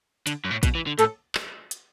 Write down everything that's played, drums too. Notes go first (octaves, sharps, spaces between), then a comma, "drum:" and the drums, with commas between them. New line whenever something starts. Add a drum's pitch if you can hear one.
D3, drum: hi-hat
F#2
A2
B2, drum: kick, hi-hat
E3
D3
A2 A4, drum: hi-hat
drum: clap
drum: hi-hat